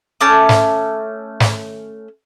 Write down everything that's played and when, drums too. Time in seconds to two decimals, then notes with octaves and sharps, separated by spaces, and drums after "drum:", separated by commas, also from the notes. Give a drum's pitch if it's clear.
0.21 A3 C#4 A5 D6
0.49 drum: snare
1.40 drum: snare